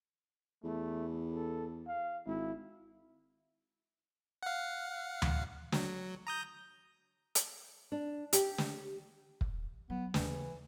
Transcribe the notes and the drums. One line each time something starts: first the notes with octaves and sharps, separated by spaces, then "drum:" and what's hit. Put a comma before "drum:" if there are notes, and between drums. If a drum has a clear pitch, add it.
E2 A3
A4
F5
G#1 E4
F5 F#5
drum: tom D2
F#3, drum: snare
A#5 D#6 G6
drum: hi-hat
D4
G4, drum: hi-hat
drum: snare
drum: kick
F#3 B3
D#2 C#3 E3, drum: snare